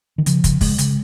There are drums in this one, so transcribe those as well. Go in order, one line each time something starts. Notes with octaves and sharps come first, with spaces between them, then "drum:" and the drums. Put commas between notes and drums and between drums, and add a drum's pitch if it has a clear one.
D#3
C#3 F3, drum: hi-hat
C#3, drum: kick, hi-hat
C#3 G#3, drum: kick, open hi-hat
C#3, drum: hi-hat